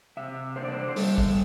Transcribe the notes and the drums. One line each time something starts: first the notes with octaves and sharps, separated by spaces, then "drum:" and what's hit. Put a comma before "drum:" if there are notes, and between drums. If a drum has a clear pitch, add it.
C3 E5
D4 C5
D5
C5
D5
C5
G3 A4, drum: open hi-hat
drum: kick